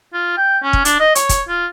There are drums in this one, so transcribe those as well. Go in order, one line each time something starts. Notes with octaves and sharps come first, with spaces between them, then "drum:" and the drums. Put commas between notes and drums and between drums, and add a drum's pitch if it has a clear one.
F4
G5
C#4
drum: kick
D4, drum: hi-hat
D#5
C#5, drum: hi-hat
drum: kick, hi-hat
F4